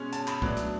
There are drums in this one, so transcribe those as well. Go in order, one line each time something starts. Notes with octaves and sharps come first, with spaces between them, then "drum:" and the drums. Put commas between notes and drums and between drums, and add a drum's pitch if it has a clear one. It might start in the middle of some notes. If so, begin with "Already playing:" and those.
Already playing: B2 G#3 C#4
A5, drum: hi-hat
B5, drum: clap
A2 F#3 B3 D4, drum: kick
drum: hi-hat